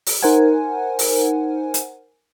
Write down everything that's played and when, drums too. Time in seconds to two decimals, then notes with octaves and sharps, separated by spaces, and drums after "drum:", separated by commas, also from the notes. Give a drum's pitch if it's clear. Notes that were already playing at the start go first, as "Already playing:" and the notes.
0.06 drum: open hi-hat
0.22 D#4 A#4 C5 F#5 G#5
0.99 drum: open hi-hat
1.74 drum: hi-hat